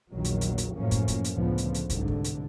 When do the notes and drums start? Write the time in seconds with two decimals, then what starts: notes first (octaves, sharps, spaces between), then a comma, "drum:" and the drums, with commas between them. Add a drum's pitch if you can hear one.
0.12 A#1 E2 D#3 F#3 A#3
0.25 drum: hi-hat
0.41 drum: hi-hat
0.58 drum: hi-hat
0.75 F#1 F#2 A2 F3 A#3 C#4
0.91 drum: kick, hi-hat
1.08 drum: kick, hi-hat
1.25 drum: hi-hat
1.34 C#2 A2 D3 F3 A3 B3
1.58 drum: hi-hat
1.75 drum: hi-hat
1.90 C2 G#2 D3, drum: kick, hi-hat
2.08 drum: kick
2.24 drum: hi-hat